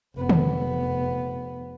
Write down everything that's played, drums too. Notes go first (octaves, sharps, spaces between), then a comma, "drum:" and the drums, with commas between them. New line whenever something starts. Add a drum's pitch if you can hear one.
F1 B3
drum: tom